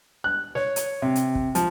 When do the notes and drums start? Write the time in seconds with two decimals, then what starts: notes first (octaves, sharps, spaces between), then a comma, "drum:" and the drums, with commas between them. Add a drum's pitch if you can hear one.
0.24 F#6
0.55 C#5, drum: snare
0.76 drum: hi-hat
1.02 C3
1.15 drum: hi-hat
1.35 drum: kick
1.55 F3, drum: hi-hat